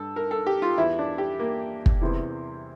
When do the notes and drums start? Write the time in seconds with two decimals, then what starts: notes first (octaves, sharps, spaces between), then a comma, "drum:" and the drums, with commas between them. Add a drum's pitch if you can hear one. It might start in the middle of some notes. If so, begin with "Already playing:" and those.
Already playing: G2 A4
0.16 A#4
0.31 A4
0.46 G4
0.62 F4
0.78 E2 E3 E4
0.99 D4
1.18 G4
1.40 A#3
1.86 drum: kick
2.01 E2 C3 E3